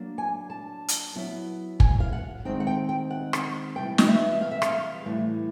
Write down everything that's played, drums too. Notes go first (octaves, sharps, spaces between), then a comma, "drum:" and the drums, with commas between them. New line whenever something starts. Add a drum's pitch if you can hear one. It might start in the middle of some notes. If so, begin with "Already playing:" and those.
Already playing: F#3 A#3 D4
G#5
A5
drum: hi-hat
F#3 B3 E4
G#5, drum: kick
F5
F#5
D#3 G#3 C4 D#4 G5
F#5
G5
G5
F#5
drum: rim click
C3 E3 G3 B3 G5
D#5, drum: snare
E5
F5
E5
F5, drum: rim click
A2 E3 G3